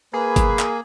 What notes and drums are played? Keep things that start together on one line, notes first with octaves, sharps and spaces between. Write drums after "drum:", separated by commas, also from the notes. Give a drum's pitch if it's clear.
A#3 G#4 B4
drum: kick, hi-hat
drum: clap